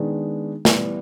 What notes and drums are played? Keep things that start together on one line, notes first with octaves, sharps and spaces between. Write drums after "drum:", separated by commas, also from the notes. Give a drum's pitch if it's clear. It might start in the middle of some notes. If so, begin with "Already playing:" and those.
Already playing: D#3 G#3 B3 D4
E3 G3 B3, drum: snare